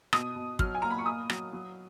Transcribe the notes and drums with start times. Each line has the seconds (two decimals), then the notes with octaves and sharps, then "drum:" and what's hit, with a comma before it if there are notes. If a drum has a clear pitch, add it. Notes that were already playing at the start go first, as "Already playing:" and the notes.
0.13 B2 D#6, drum: rim click
0.36 B2
0.59 F#3 F6, drum: kick
0.75 G#5
0.82 A#2 A#5
0.90 B5
0.98 C#6
1.06 A#2 D#6
1.30 F#3, drum: rim click
1.53 F#3